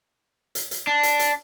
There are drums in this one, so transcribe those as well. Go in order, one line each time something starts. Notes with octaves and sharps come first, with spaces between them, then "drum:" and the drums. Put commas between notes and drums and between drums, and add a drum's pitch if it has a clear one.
drum: hi-hat
drum: hi-hat
D4
drum: hi-hat
drum: hi-hat